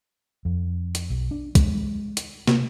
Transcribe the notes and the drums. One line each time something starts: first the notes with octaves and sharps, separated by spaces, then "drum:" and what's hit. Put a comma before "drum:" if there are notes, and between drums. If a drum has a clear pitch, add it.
F2
drum: hi-hat
B1
D4
G#3, drum: kick, hi-hat
drum: hi-hat
C3, drum: snare